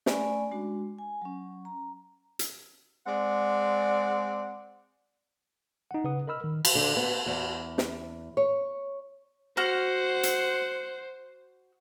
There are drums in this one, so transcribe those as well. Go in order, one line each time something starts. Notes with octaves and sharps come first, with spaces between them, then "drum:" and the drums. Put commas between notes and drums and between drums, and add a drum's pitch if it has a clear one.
A3 C#4 D5 G#5 B5, drum: snare
G#3 D4 F#4
G#5
F#3 C#4
A#5
drum: hi-hat
G#3 C4 D5 F#5
D#4 F#5
C#3 B4 F#5 D#6
A#4 D#5 B5 E6 F6
D#3
drum: cymbal
D3
B3
E2
drum: snare
C#5
F#4 C5 F#5 F6
drum: hi-hat